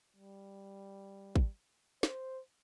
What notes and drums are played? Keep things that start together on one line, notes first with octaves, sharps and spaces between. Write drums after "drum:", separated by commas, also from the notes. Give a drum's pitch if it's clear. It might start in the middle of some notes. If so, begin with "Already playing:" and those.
G3
drum: kick
C5, drum: snare